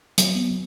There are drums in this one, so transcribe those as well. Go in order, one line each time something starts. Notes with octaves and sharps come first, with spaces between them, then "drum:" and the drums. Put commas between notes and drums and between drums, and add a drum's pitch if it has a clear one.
F#3, drum: hi-hat
B3